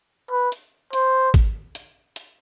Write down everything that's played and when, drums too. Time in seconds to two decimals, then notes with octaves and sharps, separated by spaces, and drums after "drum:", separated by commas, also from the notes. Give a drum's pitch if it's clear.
0.31 B4
0.52 drum: hi-hat
0.93 C5, drum: hi-hat
1.34 drum: kick G#1, hi-hat
1.75 drum: hi-hat
2.16 drum: hi-hat